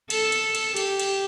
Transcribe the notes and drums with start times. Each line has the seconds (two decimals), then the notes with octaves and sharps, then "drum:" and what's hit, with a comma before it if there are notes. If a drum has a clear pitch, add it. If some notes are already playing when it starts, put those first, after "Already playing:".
0.10 A4, drum: cymbal
0.32 drum: cymbal
0.55 drum: cymbal
0.76 G4, drum: cymbal
1.00 drum: cymbal